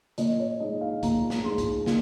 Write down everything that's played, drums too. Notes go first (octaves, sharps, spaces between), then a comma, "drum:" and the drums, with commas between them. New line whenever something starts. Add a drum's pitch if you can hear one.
A#2 D#5, drum: hi-hat
C#5
G#3 D#4 D#5
F5
A#2 A#5, drum: kick, hi-hat
drum: snare
G#3 D#4 C6
drum: kick, hi-hat
A#2, drum: snare